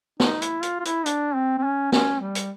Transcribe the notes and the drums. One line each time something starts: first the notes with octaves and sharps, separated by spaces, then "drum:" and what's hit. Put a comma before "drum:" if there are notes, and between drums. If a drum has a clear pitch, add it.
D#4, drum: snare
E4, drum: hi-hat
F4, drum: hi-hat
F4
E4, drum: hi-hat
D4, drum: hi-hat
C4
C4
C#4
C#4, drum: snare
G3
drum: hi-hat